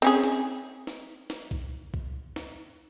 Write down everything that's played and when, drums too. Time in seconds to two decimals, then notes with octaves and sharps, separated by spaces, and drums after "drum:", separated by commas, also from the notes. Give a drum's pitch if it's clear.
0.02 C4 C#4 G#4
0.23 drum: snare
0.87 drum: snare
1.30 drum: snare
1.51 drum: kick B1
1.94 drum: kick B1
2.36 drum: snare